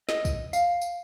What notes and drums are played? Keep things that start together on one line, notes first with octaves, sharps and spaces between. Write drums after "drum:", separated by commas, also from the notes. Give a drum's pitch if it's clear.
D#5, drum: snare
drum: kick, tambourine
F5, drum: tambourine
drum: tambourine